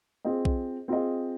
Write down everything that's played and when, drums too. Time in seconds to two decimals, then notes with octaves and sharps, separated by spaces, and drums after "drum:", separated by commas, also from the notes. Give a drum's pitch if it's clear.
0.25 C4 F4 G#4 D#5
0.45 drum: kick B1
0.88 C4 F4 G#4 D#5